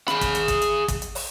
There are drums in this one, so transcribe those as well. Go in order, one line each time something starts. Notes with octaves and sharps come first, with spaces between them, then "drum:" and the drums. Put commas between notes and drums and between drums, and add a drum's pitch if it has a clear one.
G#4 B5, drum: rim click
drum: kick, hi-hat
drum: hi-hat
drum: kick, hi-hat
drum: hi-hat
drum: kick, hi-hat
drum: hi-hat
drum: open hi-hat